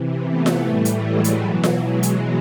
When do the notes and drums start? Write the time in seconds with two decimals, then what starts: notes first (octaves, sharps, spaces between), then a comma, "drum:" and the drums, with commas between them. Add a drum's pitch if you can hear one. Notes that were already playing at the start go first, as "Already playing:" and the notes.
Already playing: C3 E3
0.26 A3 B3
0.46 drum: snare F4
0.65 A2 E3 G3 A3
0.85 drum: hi-hat
1.05 F#3 G#3
1.24 drum: hi-hat
1.43 B2 E3 F#3
1.63 drum: snare F4
1.83 F#3 G#3
2.03 drum: hi-hat